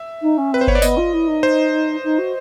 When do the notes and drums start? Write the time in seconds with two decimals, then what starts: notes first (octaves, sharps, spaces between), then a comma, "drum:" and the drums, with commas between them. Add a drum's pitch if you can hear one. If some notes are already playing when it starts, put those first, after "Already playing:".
Already playing: E5
0.22 D#4
0.37 C#4
0.51 C4 B4
0.61 C5
0.68 B3 C#5, drum: kick G1
0.75 D5
0.82 B3 D#5, drum: tambourine
0.97 F4
1.13 E4
1.27 D#4
1.43 C5
2.04 D#4
2.18 F#4